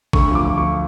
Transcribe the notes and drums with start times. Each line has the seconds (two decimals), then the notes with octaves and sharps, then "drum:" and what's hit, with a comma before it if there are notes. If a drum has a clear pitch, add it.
0.13 D2 C#6, drum: kick
0.31 F3 D6
0.47 F3
0.58 C#6